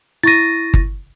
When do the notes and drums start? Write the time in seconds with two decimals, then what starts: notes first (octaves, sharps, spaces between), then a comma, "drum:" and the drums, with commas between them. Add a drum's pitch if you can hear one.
0.23 E4 C#6 A6 A#6 D#7
0.74 drum: kick G1